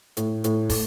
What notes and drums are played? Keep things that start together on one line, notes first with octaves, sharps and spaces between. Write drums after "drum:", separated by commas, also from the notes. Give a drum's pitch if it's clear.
A2, drum: hi-hat
A2, drum: hi-hat
A3, drum: kick, open hi-hat